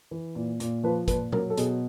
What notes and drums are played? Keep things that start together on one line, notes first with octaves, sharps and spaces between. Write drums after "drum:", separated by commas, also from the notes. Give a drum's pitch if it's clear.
E3
A#2
A#2, drum: hi-hat
F3 B4
A#2 B4, drum: kick, hi-hat
F#3 A#4, drum: tom A#2
A4
B2 G#4, drum: hi-hat